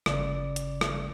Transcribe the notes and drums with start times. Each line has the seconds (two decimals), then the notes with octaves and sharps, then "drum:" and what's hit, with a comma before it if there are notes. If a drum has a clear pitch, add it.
0.06 G1 C#3 D5, drum: rim click
0.56 drum: hi-hat
0.81 drum: rim click